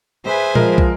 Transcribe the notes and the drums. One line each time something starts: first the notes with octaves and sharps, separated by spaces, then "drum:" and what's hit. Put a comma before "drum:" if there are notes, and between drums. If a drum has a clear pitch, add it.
G#4 B4 C5 E5 G#5
F3 G#3 A#4, drum: tom A#2
drum: kick